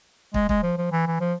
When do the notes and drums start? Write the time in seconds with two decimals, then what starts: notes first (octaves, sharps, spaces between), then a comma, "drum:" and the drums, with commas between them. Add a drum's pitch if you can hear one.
0.34 G#3, drum: kick
0.49 G#3, drum: kick
0.63 F3
0.78 F3
0.92 E3
1.07 E3
1.21 F3